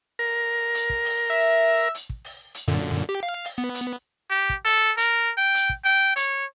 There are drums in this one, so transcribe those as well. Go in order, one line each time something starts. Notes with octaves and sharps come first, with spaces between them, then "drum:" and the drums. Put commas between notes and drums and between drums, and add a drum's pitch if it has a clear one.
A#4
drum: hi-hat
drum: kick
drum: open hi-hat
E5
drum: hi-hat
drum: kick
drum: open hi-hat
drum: hi-hat
F#2 A#2 D3
G4
F5
drum: open hi-hat
B3
drum: hi-hat
G4
drum: kick
A4, drum: open hi-hat
A#4, drum: hi-hat
G5
drum: hi-hat
drum: kick
G5, drum: open hi-hat
C#5, drum: hi-hat